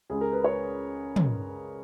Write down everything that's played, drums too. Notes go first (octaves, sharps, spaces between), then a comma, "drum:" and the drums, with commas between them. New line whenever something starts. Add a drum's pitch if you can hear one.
C#2 C#3 G#3 C#4 G#4
A#4
B4
C#5
drum: tom